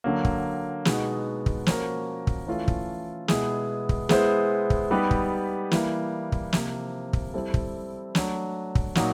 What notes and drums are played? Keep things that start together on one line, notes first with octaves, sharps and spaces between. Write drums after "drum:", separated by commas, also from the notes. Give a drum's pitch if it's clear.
D3 F#3 A#3
drum: kick
B2 G#3 B3 D#4 F#4, drum: snare
drum: kick
F3 A#3 C#4 F#4 A#4, drum: snare
drum: kick
E3 A3 C#4 F4 A4
drum: kick
B2 G#3 B3 E4 G#4, drum: snare
drum: kick
G#3 B3 E4 G#4 C5, drum: snare
drum: kick
G3 B3 D#4 G4 B4
drum: kick
E3 G3 A#3, drum: snare
drum: kick
C3 F3 A#3, drum: snare
drum: kick
G3 C4 E4 A4
drum: kick
F#3 A3 D4, drum: snare
drum: kick
A#2 F#3 A#3 D#4 F#4, drum: snare